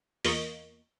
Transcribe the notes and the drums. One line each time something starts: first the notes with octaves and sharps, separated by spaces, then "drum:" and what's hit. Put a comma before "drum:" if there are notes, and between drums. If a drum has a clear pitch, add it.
E2 A#3 F4 A#4 D#5 C#6, drum: open hi-hat